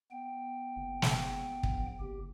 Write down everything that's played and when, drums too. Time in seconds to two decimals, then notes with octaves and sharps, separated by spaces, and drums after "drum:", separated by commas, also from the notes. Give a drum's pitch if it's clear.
0.12 B3 G5
0.76 F#1
1.02 drum: snare
1.63 A#1, drum: kick
2.00 F#1 G4